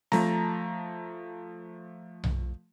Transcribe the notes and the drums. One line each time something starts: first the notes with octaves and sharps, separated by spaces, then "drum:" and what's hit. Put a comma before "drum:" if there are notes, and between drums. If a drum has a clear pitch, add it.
F3 A3 A5 A#5, drum: snare C4
drum: tom B1